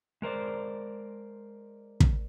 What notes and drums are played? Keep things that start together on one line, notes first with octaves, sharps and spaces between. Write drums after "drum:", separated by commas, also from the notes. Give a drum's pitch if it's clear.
G#3 A#4 C5 D5
drum: kick